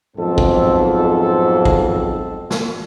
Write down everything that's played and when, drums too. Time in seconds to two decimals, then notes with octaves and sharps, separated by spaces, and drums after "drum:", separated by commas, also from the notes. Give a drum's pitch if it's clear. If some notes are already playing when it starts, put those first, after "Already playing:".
0.17 B1 F2 G#2 C4 A4
0.38 drum: kick
1.65 drum: kick
2.51 drum: snare